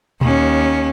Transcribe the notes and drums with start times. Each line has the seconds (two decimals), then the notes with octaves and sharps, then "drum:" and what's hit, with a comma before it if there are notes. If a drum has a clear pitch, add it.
0.21 D#2 C#4, drum: tom A#2